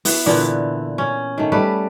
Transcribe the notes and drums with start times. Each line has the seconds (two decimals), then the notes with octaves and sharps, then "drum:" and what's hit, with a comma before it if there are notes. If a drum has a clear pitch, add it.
0.05 B3 E4, drum: open hi-hat
0.26 A#2 D3 E3 B3
0.98 C#4
1.38 D#3 A3
1.52 G3 A3 B4